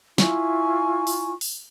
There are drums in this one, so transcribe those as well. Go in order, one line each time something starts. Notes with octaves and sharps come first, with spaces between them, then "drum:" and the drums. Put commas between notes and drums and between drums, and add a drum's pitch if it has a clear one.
E4 F4 G#5 C#6, drum: snare
drum: open hi-hat
drum: open hi-hat